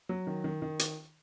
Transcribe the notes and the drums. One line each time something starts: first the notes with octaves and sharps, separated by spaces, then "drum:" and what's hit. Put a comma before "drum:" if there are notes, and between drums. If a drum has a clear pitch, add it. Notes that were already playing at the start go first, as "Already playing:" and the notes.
F#3
D#3
D#3
D#3
drum: hi-hat